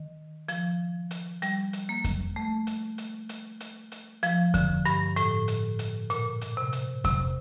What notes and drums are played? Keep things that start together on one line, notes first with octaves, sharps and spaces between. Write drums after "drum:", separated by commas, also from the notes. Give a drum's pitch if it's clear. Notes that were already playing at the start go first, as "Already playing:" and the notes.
Already playing: D#3
F3, drum: hi-hat
drum: hi-hat
G3, drum: hi-hat
drum: hi-hat
A#3
drum: kick F2, hi-hat
A3
drum: hi-hat
drum: hi-hat
drum: hi-hat
drum: hi-hat
drum: hi-hat
F3, drum: hi-hat
D3, drum: kick F2, hi-hat
G2, drum: hi-hat
A2, drum: hi-hat
drum: hi-hat
drum: hi-hat
A#2, drum: hi-hat
drum: hi-hat
C3
drum: hi-hat
C3, drum: kick F2, hi-hat